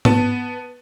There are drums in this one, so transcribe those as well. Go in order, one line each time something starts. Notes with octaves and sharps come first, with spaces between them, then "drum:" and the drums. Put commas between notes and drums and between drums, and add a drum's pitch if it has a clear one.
B3 A5, drum: tom G#2